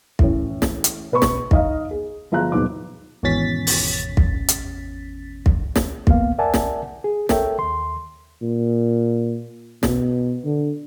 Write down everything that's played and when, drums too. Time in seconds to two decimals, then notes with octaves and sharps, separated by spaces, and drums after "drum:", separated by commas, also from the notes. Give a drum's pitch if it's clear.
0.19 A2 E3 C#4, drum: kick
0.62 drum: snare
0.84 drum: hi-hat
1.12 B2 B4 B5 C#6
1.22 drum: snare
1.51 D#4 D#5 F5, drum: kick
1.91 G#4
2.32 G1 F3 G#4 F5 A#5 F#6
2.52 D#1 G#2 B2 F#3 F#4 D6
3.23 G#1 E2 B2 C#4 A6 B6
3.67 drum: open hi-hat
4.17 drum: kick
4.48 drum: hi-hat
5.46 drum: kick
5.76 drum: snare
6.07 A#3 B3 F5, drum: kick
6.38 A#4 D5 E5 F#5 G#5 A5
6.54 drum: snare
7.04 G#4
7.29 A4 A#4 C#5 E5 G5, drum: snare
7.59 D#2 C6
8.42 A#2
9.83 B2, drum: snare
10.45 D3